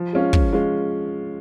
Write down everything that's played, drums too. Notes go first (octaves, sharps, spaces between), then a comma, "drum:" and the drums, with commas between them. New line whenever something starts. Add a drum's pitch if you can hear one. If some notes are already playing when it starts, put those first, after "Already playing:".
Already playing: F3
G#3 C#4 F4
F3, drum: kick
G#3 C#4 F4